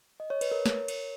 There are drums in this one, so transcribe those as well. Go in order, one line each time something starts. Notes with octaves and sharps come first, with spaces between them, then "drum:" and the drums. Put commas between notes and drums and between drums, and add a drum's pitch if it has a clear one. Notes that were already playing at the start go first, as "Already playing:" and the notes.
D#5
C#5
B4, drum: cymbal
A#4 C#5
drum: snare
drum: cymbal